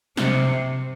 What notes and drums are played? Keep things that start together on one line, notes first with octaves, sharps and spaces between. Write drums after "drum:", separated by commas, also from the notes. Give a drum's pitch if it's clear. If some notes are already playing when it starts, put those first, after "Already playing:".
C3, drum: snare